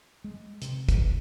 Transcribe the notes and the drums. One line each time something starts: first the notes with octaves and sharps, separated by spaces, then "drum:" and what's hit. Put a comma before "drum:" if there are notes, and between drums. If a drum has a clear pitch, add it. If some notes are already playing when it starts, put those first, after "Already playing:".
G#3
C3, drum: hi-hat
drum: kick, hi-hat
F#1